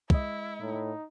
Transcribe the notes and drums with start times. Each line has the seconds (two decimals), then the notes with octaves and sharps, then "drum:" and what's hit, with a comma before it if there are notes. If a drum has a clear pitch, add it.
0.10 G#3 E4 D#5, drum: kick
0.60 A2 D#4